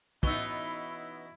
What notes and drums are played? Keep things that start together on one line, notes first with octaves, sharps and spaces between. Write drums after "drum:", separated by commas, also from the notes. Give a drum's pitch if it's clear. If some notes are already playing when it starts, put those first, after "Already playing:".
B2 E3 B3 C#4 D#4 E4 E6 G7, drum: kick